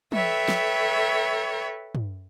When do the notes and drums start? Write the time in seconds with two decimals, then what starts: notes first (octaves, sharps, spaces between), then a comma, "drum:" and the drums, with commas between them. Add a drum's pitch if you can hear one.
0.12 A4 B4 C#5 E5 G5, drum: tom
0.48 drum: snare
1.95 drum: tom